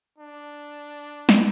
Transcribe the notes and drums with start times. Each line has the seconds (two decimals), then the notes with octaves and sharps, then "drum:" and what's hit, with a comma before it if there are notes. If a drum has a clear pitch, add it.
0.18 D4
1.29 drum: snare